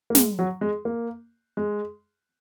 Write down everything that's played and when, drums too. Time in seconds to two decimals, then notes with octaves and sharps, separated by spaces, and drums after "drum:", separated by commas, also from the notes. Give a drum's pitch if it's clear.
0.10 A#3
0.15 G#3, drum: snare
0.39 F#3
0.61 G#3
0.85 A#3
1.57 G#3